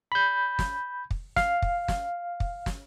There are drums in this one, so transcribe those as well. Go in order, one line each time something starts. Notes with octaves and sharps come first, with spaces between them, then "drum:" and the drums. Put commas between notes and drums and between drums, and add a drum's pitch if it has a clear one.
B5 G6
drum: snare
drum: kick
F5, drum: snare
drum: kick
drum: snare
drum: kick
drum: snare